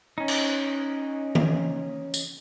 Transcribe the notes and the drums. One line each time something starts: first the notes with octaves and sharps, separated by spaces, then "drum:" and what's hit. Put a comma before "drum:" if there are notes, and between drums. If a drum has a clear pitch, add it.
C#4 D#4
drum: cymbal
drum: tom D#3
drum: tambourine